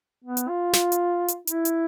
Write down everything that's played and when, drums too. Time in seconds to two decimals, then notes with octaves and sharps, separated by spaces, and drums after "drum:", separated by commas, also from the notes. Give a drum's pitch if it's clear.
0.24 B3
0.37 drum: hi-hat
0.48 F4
0.73 drum: snare
0.92 drum: hi-hat
1.28 drum: hi-hat
1.47 E4, drum: hi-hat
1.65 drum: hi-hat